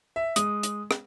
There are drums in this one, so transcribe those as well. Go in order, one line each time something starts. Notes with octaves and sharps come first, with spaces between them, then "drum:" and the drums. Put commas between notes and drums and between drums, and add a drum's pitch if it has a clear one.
E5
G#3 D#6, drum: hi-hat
drum: hi-hat
drum: rim click